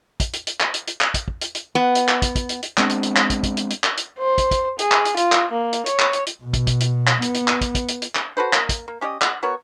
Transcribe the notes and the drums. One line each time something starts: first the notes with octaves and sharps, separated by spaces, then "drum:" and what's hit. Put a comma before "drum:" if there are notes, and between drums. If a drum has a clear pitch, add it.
drum: kick, hi-hat
drum: hi-hat
drum: hi-hat
drum: clap
drum: hi-hat
drum: hi-hat
drum: clap
drum: kick, hi-hat
drum: kick
drum: hi-hat
drum: hi-hat
B3
drum: hi-hat
drum: clap
drum: kick, hi-hat
drum: kick, hi-hat
drum: hi-hat
drum: hi-hat
G#3 B3 C4 D4, drum: clap
drum: hi-hat
drum: hi-hat
drum: clap
drum: kick, hi-hat
drum: kick, hi-hat
drum: hi-hat
drum: hi-hat
drum: clap
drum: hi-hat
C5
drum: kick, hi-hat
drum: kick, hi-hat
G#4, drum: hi-hat
drum: clap
drum: hi-hat
F4, drum: hi-hat
drum: clap
A#3
drum: hi-hat
C#5, drum: hi-hat
drum: clap
drum: hi-hat
drum: hi-hat
B2
drum: kick, hi-hat
drum: kick, hi-hat
drum: hi-hat
drum: clap
B3, drum: hi-hat
drum: hi-hat
drum: clap
drum: kick, hi-hat
drum: kick, hi-hat
drum: hi-hat
drum: hi-hat
drum: clap
F#4 A4 B4 C5
A#3, drum: clap
drum: kick, hi-hat
A#3
C#4 G4 D5 D#5
F#5, drum: clap
B3 F#4 A#4 C#5